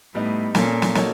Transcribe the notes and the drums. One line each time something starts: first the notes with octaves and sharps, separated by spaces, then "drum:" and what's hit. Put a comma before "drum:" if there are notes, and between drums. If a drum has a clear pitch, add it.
A2 G3 B3 D#4
A#2 A#3 C#4 F4 A4, drum: snare
drum: snare
A#3 D#4 F#4 A4 C#5, drum: snare